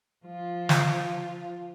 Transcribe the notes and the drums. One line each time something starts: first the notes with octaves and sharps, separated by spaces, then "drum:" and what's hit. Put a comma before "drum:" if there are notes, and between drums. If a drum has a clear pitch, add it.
F3 F4
drum: snare